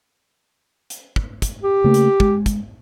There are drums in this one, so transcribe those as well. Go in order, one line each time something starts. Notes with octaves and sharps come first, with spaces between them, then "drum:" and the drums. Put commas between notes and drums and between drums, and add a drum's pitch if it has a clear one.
drum: hi-hat
drum: kick
drum: kick, hi-hat
G4
C#3 A3 A#3
drum: hi-hat
G#3, drum: kick
drum: kick, hi-hat